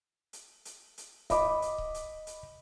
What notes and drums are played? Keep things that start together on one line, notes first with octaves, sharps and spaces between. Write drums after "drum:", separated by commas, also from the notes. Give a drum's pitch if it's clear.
drum: hi-hat
drum: hi-hat
drum: hi-hat
D#5 B5 D6, drum: kick C#1, hi-hat
drum: hi-hat
drum: kick C#1
drum: hi-hat
drum: hi-hat